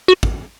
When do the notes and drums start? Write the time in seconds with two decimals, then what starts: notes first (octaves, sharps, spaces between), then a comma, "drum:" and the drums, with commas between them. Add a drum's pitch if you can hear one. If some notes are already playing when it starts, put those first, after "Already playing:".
0.08 F#4
0.23 drum: kick